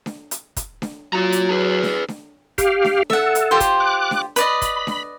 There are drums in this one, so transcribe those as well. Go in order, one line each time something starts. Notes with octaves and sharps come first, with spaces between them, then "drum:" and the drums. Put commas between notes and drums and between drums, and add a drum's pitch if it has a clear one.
drum: snare D4
drum: hi-hat
drum: kick, hi-hat
drum: snare D4
F#3 F4 A#5
drum: hi-hat
G#4 B4
drum: snare D4
drum: snare D4
G4 F5, drum: kick, hi-hat
drum: snare D4
A4 E5 F#5, drum: snare D4
drum: hi-hat
F4 G4 C5
drum: kick, hi-hat
D6 F#6
drum: snare D4
B4 D5 D#5 B5, drum: hi-hat
drum: kick, hi-hat
drum: snare D4